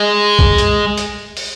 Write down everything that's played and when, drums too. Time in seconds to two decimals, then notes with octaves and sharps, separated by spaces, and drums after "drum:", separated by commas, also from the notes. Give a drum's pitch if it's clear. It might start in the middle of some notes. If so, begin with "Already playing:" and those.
Already playing: G#3
0.39 drum: kick B1
0.58 drum: hi-hat
0.98 drum: hi-hat
1.37 drum: open hi-hat